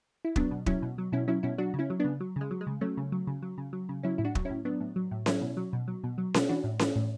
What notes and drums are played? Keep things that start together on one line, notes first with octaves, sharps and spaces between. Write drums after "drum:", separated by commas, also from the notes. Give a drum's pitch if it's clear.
E4
F#3 B3 D4, drum: kick
B2
F#3 C#4 E4, drum: kick
B2
F#3
B2 C#4 E4
F#3 C#4 E4
B2 C#4 E4
F#3 D4 F#4
C#3
C#4 E4
F#3
C#3 B3 D4
F#3
C#3 G#3
F#3
G#3
C#3
F#3 A3 C#4
C#3
F#3
C#3
F#3
C#3
F#3
C#3
F#3 C#4 E4
A2 E4
D4 F#4
F#3, drum: kick
C#4 E4
A2
F#3 B3 D4
A2
F#3
A2
F#3 C#4 E4, drum: snare C#4
B2
F#3
B2
F#3
B2
F#3
B2, drum: snare C#4
E3 D4 F#4
A2
E3, drum: snare C#4
A2